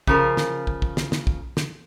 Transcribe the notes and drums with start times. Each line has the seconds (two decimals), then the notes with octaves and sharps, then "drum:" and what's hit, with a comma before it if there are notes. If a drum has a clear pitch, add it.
0.07 C#3 F3 A#4, drum: kick
0.37 drum: snare
0.67 drum: kick
0.82 drum: kick
0.97 drum: snare
1.12 drum: snare
1.27 drum: kick
1.57 drum: snare